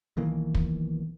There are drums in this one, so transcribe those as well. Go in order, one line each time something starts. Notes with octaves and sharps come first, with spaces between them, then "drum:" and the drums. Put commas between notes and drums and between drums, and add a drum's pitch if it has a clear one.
B1 D#3 E3 A#3
drum: kick